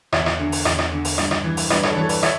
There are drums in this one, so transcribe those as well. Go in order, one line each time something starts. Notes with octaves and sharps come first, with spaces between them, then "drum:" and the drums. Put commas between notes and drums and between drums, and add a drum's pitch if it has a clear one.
E2 C#5 E5, drum: rim click
drum: rim click
D3
drum: open hi-hat
E2, drum: rim click
drum: rim click
D3
drum: open hi-hat
G2, drum: rim click
drum: rim click
E3
drum: open hi-hat
G2 B4 D5, drum: rim click
A4 C#5, drum: rim click
E3 A4 C#5
B4 D5, drum: open hi-hat
C#5 E5, drum: rim click